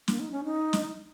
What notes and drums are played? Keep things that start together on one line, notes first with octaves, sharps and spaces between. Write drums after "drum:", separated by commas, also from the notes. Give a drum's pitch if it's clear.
A#3, drum: snare
D#4
C#4
D#4
drum: snare